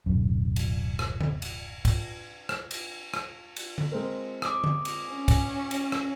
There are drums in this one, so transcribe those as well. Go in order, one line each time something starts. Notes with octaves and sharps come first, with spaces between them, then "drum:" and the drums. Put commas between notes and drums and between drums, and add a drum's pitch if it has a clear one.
D1 B1 F#2
drum: cymbal
drum: rim click
drum: tom D3
drum: cymbal
drum: kick, cymbal
drum: rim click
drum: cymbal
drum: rim click
drum: cymbal
drum: tom D3
G#3 C4 A#4
D6 D#6, drum: rim click
drum: tom D3
drum: cymbal
C#4
drum: kick, cymbal
drum: cymbal
drum: rim click